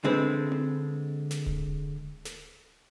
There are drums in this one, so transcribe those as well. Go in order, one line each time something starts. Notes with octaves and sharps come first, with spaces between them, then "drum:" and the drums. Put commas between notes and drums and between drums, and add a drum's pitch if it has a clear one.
D3 G#3 C4 B4
drum: tom C4
drum: snare
drum: kick D1
drum: snare